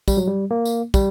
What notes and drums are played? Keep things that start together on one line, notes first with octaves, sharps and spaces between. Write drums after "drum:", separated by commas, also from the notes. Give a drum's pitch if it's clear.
G3, drum: kick, tambourine
F#3
G3
A#3
drum: tambourine
G3, drum: kick, tambourine